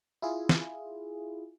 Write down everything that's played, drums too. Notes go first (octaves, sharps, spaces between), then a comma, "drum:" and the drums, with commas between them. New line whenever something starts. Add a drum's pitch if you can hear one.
E4 F4 G#4
drum: snare